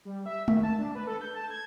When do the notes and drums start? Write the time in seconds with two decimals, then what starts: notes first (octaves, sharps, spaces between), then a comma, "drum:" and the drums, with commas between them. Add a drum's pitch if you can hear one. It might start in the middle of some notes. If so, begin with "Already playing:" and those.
0.05 G3
0.26 E5
0.48 D#3, drum: tom G#3
0.63 A5
0.78 D4
0.95 B4
1.07 A4
1.21 G6
1.34 A5
1.50 G#6